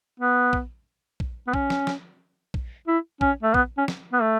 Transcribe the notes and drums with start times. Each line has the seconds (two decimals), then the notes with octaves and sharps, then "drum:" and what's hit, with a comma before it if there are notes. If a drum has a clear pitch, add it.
0.20 B3
0.53 drum: kick A#1
1.20 drum: kick A#1
1.47 B3
1.54 C#4, drum: kick A#1
1.70 drum: snare
1.87 drum: snare
2.54 drum: kick A#1
2.88 E4
3.21 C#4, drum: kick A#1
3.43 A3
3.54 B3, drum: kick A#1
3.78 C#4
3.88 drum: snare
4.13 B3
4.22 A3